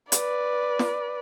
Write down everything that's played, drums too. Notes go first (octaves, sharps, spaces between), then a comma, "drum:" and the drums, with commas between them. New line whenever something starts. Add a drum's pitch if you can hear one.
B4 D5, drum: hi-hat
drum: snare